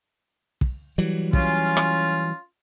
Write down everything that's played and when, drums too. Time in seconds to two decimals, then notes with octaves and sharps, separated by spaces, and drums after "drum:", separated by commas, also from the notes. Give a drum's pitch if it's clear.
0.61 drum: kick
0.98 E3 F#3 G3
1.33 C#4 F4, drum: kick
1.77 drum: rim click